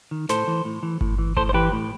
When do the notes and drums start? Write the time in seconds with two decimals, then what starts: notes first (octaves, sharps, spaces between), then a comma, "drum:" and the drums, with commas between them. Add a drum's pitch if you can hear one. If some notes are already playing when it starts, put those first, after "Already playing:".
0.11 D#3
0.29 A2 A4 C5, drum: snare
0.47 E3
0.65 A2
0.83 E3
1.01 A2, drum: kick G1
1.19 E3
1.37 A2 A4 C5, drum: kick G1
1.49 C5
1.54 E3 G4 B4
1.73 A2